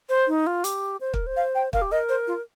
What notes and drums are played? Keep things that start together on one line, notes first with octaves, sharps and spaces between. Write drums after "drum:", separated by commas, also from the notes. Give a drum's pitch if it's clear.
C5
D#4
F4
G4, drum: hi-hat
C5
A#4, drum: kick
C5
F5
G5
A#4 F5, drum: kick
G4
A#4 D#5
C5
F4